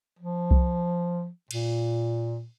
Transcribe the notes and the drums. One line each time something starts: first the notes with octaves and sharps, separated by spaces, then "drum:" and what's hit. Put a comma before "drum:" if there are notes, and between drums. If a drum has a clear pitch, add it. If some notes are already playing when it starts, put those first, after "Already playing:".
F3
drum: kick C2
A#2, drum: cymbal